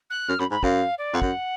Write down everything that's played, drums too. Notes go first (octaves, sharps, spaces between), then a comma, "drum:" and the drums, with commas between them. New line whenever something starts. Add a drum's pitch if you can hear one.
F#6
F#2 F6
F#2 B5
G#2 B5
F#2 F5, drum: kick
D5
F2 F#5
F#2, drum: kick